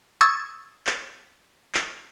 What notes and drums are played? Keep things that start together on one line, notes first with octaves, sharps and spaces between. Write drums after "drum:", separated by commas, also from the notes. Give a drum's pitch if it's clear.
C#6 D#6 E6 G#6 A6
drum: clap
drum: clap